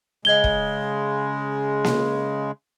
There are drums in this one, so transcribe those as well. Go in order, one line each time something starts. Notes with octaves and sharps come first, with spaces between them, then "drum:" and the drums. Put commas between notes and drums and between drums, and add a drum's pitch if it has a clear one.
C#3 G#3 D#5 G#6 G7
drum: kick
drum: snare A#3